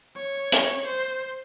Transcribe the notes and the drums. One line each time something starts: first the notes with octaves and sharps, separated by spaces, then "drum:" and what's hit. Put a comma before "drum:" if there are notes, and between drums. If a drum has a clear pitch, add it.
C#5
drum: hi-hat
C5